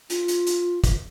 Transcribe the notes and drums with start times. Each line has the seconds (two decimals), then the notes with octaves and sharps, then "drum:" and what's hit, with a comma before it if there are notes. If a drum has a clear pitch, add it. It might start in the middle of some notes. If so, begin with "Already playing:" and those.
0.10 F4, drum: hi-hat
0.28 drum: hi-hat
0.47 drum: hi-hat
0.84 drum: kick, hi-hat